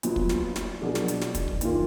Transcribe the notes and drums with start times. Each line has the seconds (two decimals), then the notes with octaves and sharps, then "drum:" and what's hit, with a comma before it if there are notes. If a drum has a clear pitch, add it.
0.03 A#1 A#2 F#3 B3 F4, drum: hi-hat
0.16 drum: kick
0.29 drum: snare
0.56 drum: snare
0.82 B2 F#3 A#3 D4 G#4
0.95 drum: snare
1.08 drum: hi-hat
1.21 drum: snare
1.35 drum: kick, hi-hat
1.48 drum: kick
1.61 F#1 D#3 A#3 F4, drum: hi-hat